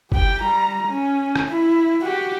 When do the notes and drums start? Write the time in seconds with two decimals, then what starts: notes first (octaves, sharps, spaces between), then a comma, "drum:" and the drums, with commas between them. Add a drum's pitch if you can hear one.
0.12 G4 G5, drum: kick F#1
0.41 G3 A#5
0.87 C#4
1.35 drum: rim click
1.48 E4
2.03 F#4 G4